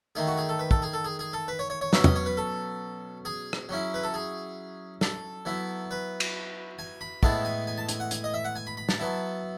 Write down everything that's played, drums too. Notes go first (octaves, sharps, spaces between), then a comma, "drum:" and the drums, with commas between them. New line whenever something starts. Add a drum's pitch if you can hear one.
D#3 A3 D#4 G#4
F#4
G#4
A4
B4
A4, drum: kick
G#4
A4
G#4
G#4
A4
B4
C#5
C#5
C#5
B2 F#3 C#4 E5, drum: snare
D#5, drum: tom
C#5
B4
A4
G#4
drum: rim click
F#3 C#4 E4
B4
A4
G#4
A4, drum: snare
F#3 B3 E4
B4
drum: cymbal
G#5
B5
A2 G#3 B3 E4 A5, drum: kick
G#5
G#5
A5
G#5, drum: hi-hat
F#5
G#5, drum: hi-hat
D#5
E5
F#5
G#5
B5
B5
A5, drum: snare
F#3 B3 E4